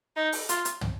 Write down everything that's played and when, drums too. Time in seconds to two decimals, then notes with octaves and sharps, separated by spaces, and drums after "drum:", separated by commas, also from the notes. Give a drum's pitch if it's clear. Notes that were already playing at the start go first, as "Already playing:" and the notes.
0.16 D#4
0.32 drum: open hi-hat
0.49 F4, drum: hi-hat
0.65 drum: hi-hat
0.81 drum: tom